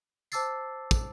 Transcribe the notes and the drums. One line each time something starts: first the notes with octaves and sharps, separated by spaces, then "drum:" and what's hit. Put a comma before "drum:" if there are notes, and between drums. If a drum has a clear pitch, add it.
C5 A5 D6 E6 A6 C7, drum: tambourine
drum: kick, tambourine